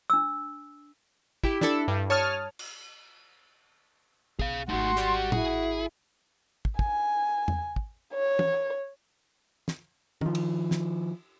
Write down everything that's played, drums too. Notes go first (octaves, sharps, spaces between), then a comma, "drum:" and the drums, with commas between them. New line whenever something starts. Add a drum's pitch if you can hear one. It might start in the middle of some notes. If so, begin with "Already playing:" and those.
D4 E6
E4 G4, drum: kick
D4 E4 A4, drum: snare
G2
C#5 A5 D#6 F6
drum: cymbal
B1 G#4 F5, drum: kick
G#1 E3 A3 D#4 F#4 C6
G4 D5, drum: hi-hat
E4 G#4, drum: tom
drum: kick
G#5, drum: kick
drum: tom E2
drum: kick
C#5
drum: tom
drum: snare
D#3 F3, drum: tom
drum: cymbal
drum: snare